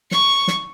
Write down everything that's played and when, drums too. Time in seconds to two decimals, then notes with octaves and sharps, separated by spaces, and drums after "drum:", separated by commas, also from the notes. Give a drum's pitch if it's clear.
0.11 C#6, drum: snare
0.48 drum: snare